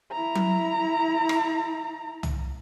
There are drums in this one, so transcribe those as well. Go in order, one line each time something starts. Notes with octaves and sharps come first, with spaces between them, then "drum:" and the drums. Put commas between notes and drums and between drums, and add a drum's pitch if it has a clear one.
E4 A#5
drum: tom F#3
drum: rim click
drum: tom